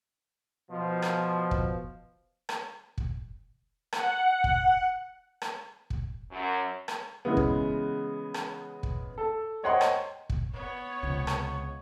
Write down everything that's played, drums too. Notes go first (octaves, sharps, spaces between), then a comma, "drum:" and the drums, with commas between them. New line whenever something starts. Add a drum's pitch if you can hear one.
B2 F3
drum: rim click
drum: kick
drum: rim click
drum: kick
F#5, drum: rim click
drum: kick
drum: rim click
drum: kick
F#2
drum: rim click
C#3 E3 G#3 B3
drum: kick
drum: rim click
drum: kick
A4
C5 C#5 D#5 F#5 G5 C6
drum: rim click
drum: kick
B3 C#5
C#2 C3
drum: rim click